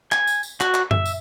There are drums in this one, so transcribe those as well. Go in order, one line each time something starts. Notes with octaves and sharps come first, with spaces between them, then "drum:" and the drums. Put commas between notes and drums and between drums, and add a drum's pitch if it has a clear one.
G#5, drum: clap
drum: tambourine
drum: tambourine
F#4, drum: clap
drum: clap
E5, drum: tom F#2
drum: tambourine